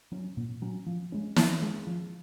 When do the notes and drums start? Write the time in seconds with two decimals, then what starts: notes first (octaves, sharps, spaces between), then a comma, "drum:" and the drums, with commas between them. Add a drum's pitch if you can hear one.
0.12 F#3 C#4
0.37 A#2
0.62 F#3 C#4
0.87 F3
1.12 G#3 C#4
1.36 F3, drum: snare
1.62 G#3 C#4
1.87 F3